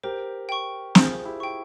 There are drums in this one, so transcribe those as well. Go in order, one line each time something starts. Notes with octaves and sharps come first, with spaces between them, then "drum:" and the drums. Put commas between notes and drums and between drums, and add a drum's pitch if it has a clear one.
G4 A#4 C5
G5 C#6
F4 G#4 C5, drum: snare
E4 G4
G5 C#6